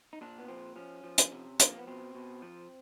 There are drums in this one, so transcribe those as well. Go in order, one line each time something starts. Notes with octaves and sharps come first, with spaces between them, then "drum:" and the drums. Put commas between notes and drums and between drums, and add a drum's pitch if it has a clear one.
D#4
A#2 D4
B3
F3 C4
F3 C#4
F3
drum: hi-hat
C3
F3, drum: hi-hat
A#3
B3
B2 C4
B2
F3